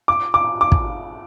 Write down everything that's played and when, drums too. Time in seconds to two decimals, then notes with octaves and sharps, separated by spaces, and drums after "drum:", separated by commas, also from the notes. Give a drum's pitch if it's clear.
0.08 D6
0.34 D6
0.61 D6
0.72 drum: kick